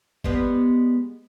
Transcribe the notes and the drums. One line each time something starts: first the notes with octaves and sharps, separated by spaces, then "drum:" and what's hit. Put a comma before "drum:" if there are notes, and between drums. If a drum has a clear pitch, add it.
G3 G#3 B3, drum: kick G#1